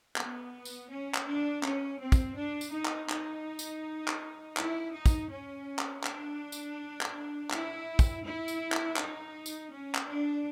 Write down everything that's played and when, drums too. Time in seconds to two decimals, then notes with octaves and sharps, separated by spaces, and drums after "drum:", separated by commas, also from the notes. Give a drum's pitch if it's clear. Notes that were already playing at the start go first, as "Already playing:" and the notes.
0.16 B3, drum: clap
0.65 drum: tambourine
0.90 C#4
1.14 drum: clap
1.27 D4
1.63 C#4, drum: clap
2.00 C4
2.12 drum: kick, tambourine
2.37 D4
2.61 drum: tambourine
2.73 D#4
2.86 drum: clap
3.10 D#4, drum: clap
3.59 drum: tambourine
4.08 drum: clap
4.57 E4, drum: clap
4.94 D#4
5.06 drum: kick, tambourine
5.30 C#4
5.79 drum: clap
6.04 D4, drum: clap
6.52 drum: tambourine
7.01 drum: clap
7.51 E4, drum: clap
7.99 drum: kick, tambourine
8.24 E4
8.48 drum: tambourine
8.72 drum: clap
8.96 D#4, drum: clap
9.46 drum: tambourine
9.70 C#4
9.95 drum: clap
10.06 D4